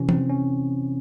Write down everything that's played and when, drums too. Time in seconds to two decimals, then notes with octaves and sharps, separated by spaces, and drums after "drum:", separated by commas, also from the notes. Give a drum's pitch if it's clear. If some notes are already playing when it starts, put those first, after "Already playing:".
Already playing: C3 E3 C#4
0.09 C4, drum: tom E3
0.29 C#4